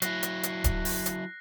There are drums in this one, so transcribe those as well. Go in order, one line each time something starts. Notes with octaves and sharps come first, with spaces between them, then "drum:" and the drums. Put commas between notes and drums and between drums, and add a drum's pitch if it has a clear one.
F#3 E4 F#6 A#6 C7, drum: hi-hat
drum: hi-hat
drum: hi-hat
drum: kick D1, hi-hat
drum: open hi-hat
drum: hi-hat